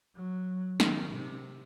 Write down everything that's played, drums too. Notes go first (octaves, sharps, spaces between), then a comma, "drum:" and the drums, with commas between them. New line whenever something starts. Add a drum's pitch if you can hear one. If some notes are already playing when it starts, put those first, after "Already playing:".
F#3
D#3, drum: snare
C3